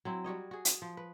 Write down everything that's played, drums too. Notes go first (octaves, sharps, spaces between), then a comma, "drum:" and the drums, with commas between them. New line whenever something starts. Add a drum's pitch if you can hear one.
F#3 C4 E4
G3 F#4 C#5 D#5
F#4 G#4
drum: hi-hat
F3
B4